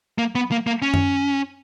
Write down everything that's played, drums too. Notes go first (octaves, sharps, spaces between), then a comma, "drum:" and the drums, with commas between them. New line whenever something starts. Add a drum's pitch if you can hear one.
A#3
B3
A#3
A#3
C#4
drum: tom F#2